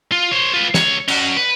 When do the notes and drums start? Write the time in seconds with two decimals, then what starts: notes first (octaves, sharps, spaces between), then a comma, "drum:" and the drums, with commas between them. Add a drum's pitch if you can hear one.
0.12 F4
0.31 C5 C#5
0.54 F4 B4
0.74 C#2 C#5, drum: snare
1.08 C#4 F#4, drum: cymbal
1.37 B4